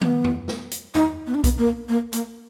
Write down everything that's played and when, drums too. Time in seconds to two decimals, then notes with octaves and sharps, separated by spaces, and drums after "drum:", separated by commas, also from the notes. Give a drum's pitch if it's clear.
0.01 B3, drum: tom
0.24 drum: tom E2
0.48 drum: snare
0.71 drum: hi-hat
0.95 D#4, drum: tom E2
1.27 B3
1.35 D4
1.44 B3, drum: kick B1, hi-hat
1.58 A#3
1.89 A#3
2.13 A#3, drum: hi-hat